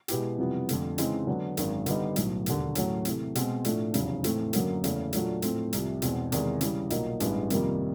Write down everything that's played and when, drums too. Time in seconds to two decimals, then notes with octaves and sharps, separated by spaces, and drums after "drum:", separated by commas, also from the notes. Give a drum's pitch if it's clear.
0.08 B2 G#3 B3 E4 G4, drum: hi-hat
0.38 F2 C3 E3 G3 B3
0.69 F2 D3 F3 A3, drum: hi-hat
0.98 C#3 E3 G#3 C4 D#4, drum: hi-hat
1.27 D3 F#3 B3 D4
1.57 G#1 F#2 D#3 G#3, drum: hi-hat
1.86 D3 G3 B3 D#4, drum: hi-hat
2.16 B1 A2 F#3 B3, drum: hi-hat
2.46 E1 D#2 D3, drum: hi-hat
2.75 A2 F#3 A3 C#4, drum: hi-hat
3.05 C3 E3 A3, drum: hi-hat
3.35 B2 G#3 C4, drum: hi-hat
3.65 A2 F3 A3 D4, drum: hi-hat
3.94 F1 E2 C#3 F#3, drum: hi-hat
4.24 A2 E3 A3 C4, drum: hi-hat
4.53 F#2 D3 F#3 A#3, drum: hi-hat
4.84 E2 C#3 E3 A3, drum: hi-hat
5.13 A#2 F#3 A3 D4, drum: hi-hat
5.42 A2 F3 A3 C4, drum: hi-hat
5.73 C2 C3 F3, drum: hi-hat
6.02 E2 B2 G#3 C4, drum: hi-hat
6.32 E2 C3 D#3 G#3, drum: hi-hat
6.61 C#3 E3 G3, drum: hi-hat
6.90 B1 A#2 F#3 A#3 D#4, drum: hi-hat
7.20 A1 G2 E3 G#3 B3, drum: hi-hat
7.50 F2 C3 D#3 G3 A#3, drum: hi-hat